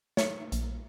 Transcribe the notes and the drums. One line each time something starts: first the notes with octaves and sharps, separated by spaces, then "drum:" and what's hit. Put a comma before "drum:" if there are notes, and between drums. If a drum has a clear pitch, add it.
C#5, drum: snare
A#1, drum: hi-hat